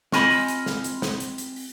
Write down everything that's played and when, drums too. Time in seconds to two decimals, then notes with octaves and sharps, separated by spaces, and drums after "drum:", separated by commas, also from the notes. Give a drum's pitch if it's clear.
0.12 C4 F4 D#5 G#5 A#5 B5, drum: snare
0.30 drum: open hi-hat
0.48 drum: hi-hat
0.66 drum: snare
0.84 drum: hi-hat
1.02 drum: snare
1.20 drum: hi-hat
1.38 drum: hi-hat
1.56 drum: open hi-hat